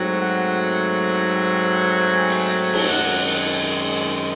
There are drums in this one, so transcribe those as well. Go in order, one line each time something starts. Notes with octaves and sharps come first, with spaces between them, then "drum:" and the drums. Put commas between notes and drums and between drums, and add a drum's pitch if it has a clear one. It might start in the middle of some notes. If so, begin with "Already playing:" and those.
Already playing: G#2 F#3 A3 C4
F#5
G#5
drum: open hi-hat
drum: cymbal
F#2 D#3 G#3 C4 F#5